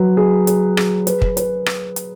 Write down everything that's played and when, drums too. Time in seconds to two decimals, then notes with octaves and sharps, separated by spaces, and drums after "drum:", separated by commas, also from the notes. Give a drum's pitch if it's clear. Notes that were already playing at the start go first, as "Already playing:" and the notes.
Already playing: F#3 B4
0.17 G#4
0.47 G#4, drum: hi-hat
0.77 G#4, drum: rim click
1.07 B4, drum: hi-hat
1.22 drum: kick
1.37 B4, drum: hi-hat
1.66 drum: rim click
1.96 drum: hi-hat